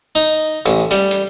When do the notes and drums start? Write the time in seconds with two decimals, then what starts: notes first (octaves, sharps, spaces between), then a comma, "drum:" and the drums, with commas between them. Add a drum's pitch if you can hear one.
0.15 D#4
0.66 A1, drum: hi-hat
0.91 G3, drum: hi-hat
1.11 drum: hi-hat